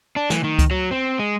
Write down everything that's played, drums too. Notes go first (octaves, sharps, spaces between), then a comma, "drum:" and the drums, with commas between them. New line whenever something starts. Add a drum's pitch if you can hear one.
D4
E3, drum: snare
D#3
drum: kick C#2, hi-hat
F#3
C4
G#3